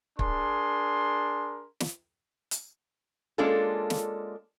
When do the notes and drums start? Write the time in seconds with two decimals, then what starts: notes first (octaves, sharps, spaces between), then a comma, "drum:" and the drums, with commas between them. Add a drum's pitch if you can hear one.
0.19 D4 G#4 A#4 C6, drum: kick
1.80 drum: snare
2.51 drum: hi-hat
3.38 G#3 A#3 C#4 D4 F4 A4
3.90 drum: snare